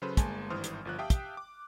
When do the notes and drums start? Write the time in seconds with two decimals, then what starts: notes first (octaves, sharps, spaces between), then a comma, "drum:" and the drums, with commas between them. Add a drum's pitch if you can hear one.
0.02 C#3 F#3 C#4 A4 B4 C5
0.17 G1 G#3 A#3 G#5 A5 C6, drum: kick, hi-hat
0.50 G#1 G2 E3 C5 D#6 F6
0.64 drum: hi-hat
0.85 G1 F3 F#6
0.98 G4 E5 F5 G5 A5 D#6
1.10 drum: kick, hi-hat
1.37 D6